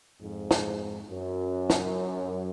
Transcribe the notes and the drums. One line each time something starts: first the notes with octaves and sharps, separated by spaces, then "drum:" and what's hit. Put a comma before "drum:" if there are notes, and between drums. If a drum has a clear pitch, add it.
F2 G#2
drum: snare
F#2
drum: snare